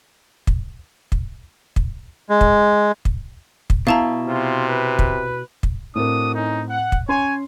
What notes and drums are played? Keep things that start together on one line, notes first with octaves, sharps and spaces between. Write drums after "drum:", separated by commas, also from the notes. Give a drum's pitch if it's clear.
drum: kick
drum: kick
drum: kick
G#3
drum: kick
drum: kick
drum: kick
B2 E4 F5 A5 A#5
C3 F4
B4
drum: kick
drum: kick
A2 C4 D4 F#4 A#4 D#6
C#4 D#4
F#5
drum: kick
C#4 C#5 G#5 C6